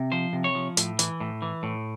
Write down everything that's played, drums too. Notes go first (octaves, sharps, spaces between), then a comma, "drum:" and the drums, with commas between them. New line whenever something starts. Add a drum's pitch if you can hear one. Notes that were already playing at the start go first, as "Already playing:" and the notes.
Already playing: C3
F3 C5
C3
C#5
F3
A2, drum: hi-hat
E3, drum: hi-hat
A2
E3
A2